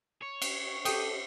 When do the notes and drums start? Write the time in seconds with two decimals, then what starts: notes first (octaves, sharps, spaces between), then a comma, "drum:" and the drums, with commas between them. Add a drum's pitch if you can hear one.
0.23 C#5
0.42 drum: cymbal
0.85 G4 A4 G5 D#6, drum: cymbal